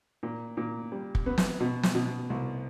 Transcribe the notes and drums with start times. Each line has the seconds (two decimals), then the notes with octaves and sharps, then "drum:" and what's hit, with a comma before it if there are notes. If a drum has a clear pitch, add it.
0.23 A#2
0.57 A#2
0.92 G3
1.15 drum: kick
1.26 B3
1.38 drum: snare
1.60 B2
1.83 drum: snare
1.95 B2
2.30 C2